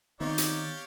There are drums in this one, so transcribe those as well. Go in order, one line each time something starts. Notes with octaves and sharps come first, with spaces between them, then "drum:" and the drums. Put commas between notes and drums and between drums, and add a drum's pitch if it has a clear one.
D#3 B3 C4 D#4 G4 C#5 D5 F5
drum: hi-hat